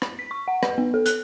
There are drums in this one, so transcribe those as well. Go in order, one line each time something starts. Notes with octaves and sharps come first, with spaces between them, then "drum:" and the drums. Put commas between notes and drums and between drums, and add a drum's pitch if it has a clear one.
drum: rim click
B6
C#6
F#5
B4, drum: rim click
B3
A4
F#6, drum: hi-hat